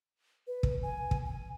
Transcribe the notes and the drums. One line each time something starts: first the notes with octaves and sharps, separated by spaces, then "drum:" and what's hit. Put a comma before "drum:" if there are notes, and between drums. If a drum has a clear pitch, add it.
B4
drum: kick
G#5
drum: kick
G#5